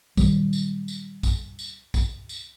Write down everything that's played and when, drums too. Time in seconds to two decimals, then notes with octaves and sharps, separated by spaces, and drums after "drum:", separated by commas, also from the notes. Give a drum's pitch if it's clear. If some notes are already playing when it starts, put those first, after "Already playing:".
0.17 A#2 D#3 F#3 G3, drum: kick A#1, tambourine
0.53 drum: tambourine
0.88 drum: tambourine
1.23 drum: kick A#1, tambourine
1.59 drum: tambourine
1.94 drum: kick A#1, tambourine
2.29 drum: tambourine